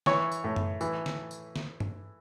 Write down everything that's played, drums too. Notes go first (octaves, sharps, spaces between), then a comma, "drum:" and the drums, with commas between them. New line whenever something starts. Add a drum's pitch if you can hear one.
E3 C#5, drum: snare
drum: tambourine
A2
drum: tom F#2
E3, drum: tambourine
drum: snare
drum: tambourine
drum: snare
drum: tom G2